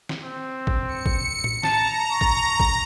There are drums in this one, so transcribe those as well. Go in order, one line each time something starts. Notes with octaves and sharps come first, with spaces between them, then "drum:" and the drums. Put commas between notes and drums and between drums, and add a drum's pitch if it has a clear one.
drum: snare
C4
drum: kick
C#7
drum: kick
drum: tom A2
A5 A#5, drum: snare
C#6
drum: kick
drum: kick